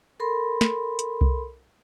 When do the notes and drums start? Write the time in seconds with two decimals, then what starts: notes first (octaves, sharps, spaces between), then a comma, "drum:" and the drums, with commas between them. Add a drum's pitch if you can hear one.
0.20 A4 A#4 B5 C6
0.61 drum: snare
0.99 drum: hi-hat
1.21 drum: kick C2